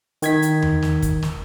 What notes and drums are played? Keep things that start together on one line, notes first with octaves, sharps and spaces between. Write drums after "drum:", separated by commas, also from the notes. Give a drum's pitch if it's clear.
D#3 G#6 B6, drum: hi-hat
drum: hi-hat
drum: tom E2
drum: snare
drum: kick, hi-hat
drum: snare